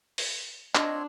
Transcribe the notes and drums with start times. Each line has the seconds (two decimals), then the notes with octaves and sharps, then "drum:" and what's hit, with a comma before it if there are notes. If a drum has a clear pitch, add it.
0.18 drum: open hi-hat
0.75 C4 D4 F4 C#5 D#5, drum: clap